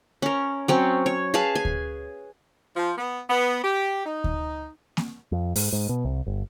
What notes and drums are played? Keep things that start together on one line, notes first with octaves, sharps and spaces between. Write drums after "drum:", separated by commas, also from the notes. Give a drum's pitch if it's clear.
C#4 A#4
F#3 C4 C#4
C#5
G#4 B4 F5 A5
G#5
drum: kick D2
F3
B3
B3
G4
D#4
drum: kick D2
drum: snare A#3
F2
G#2, drum: open hi-hat
G#2
B2
C2
G1